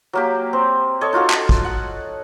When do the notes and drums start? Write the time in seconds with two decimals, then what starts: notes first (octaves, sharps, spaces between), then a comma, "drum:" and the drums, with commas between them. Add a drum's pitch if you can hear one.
0.13 F#3 A#3 G4
0.53 C4
1.01 A4 C#5 D#5
1.13 D#4 F4 F#4 A4
1.30 drum: clap
1.49 drum: kick
1.64 F#5